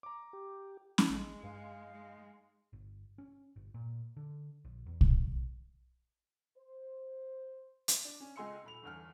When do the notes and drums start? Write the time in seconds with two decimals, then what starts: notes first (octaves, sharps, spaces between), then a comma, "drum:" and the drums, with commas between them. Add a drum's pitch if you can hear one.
0.03 A#5 D6
0.33 G4
0.98 drum: snare C#4
1.10 A1 G#3
1.44 G2 D#4 F5
1.92 G#3
2.73 G1
3.18 C#4
3.56 G1
3.74 A#2
4.17 D3
4.65 A#1
4.86 E2
5.01 E1, drum: kick
6.57 C5
7.88 drum: hi-hat
8.05 D4
8.20 C#4
8.36 C#2 G#3 G#5 C6 E6 C#7
8.64 D#1 B5 F7
8.83 G1 E2 F6